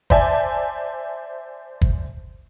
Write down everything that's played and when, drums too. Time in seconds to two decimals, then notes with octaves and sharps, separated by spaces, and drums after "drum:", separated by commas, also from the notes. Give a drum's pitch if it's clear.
0.10 C5 D5 E5 G#5 A5, drum: kick
1.81 drum: kick